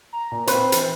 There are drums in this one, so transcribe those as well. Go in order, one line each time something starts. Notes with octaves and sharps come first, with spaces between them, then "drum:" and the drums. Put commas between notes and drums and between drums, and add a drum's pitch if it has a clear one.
A#5
A#2
C4 B4 C5, drum: hi-hat
E3, drum: hi-hat